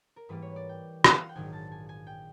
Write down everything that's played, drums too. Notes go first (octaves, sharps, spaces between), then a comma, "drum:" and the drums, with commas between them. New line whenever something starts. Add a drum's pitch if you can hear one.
A#4
G#2 E3 G3 A#3 B4
C#5
D5
G5
drum: rim click
F5
F#5
G5
A#1 G#2 D#3 F#3 G#5
A5
G#5
G#5
G5